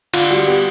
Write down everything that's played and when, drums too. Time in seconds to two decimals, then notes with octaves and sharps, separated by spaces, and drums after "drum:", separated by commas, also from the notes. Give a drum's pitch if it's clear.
0.14 D3 F4, drum: cymbal
0.30 G3 F#4
0.47 B3 G4